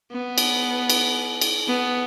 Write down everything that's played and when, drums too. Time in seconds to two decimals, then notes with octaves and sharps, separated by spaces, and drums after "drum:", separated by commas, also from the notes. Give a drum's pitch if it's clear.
0.12 B3
0.38 drum: cymbal
0.90 drum: cymbal
1.41 drum: cymbal
1.67 B3